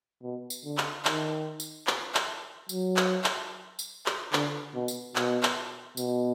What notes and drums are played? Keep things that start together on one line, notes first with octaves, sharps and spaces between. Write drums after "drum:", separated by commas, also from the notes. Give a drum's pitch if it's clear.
B2
drum: tambourine
D3
drum: clap
D#3, drum: clap
drum: tambourine
drum: clap
drum: clap
F#3, drum: tambourine
drum: clap
drum: clap
drum: tambourine
drum: clap
D3, drum: clap
B2
drum: tambourine
B2, drum: clap
drum: clap
B2, drum: tambourine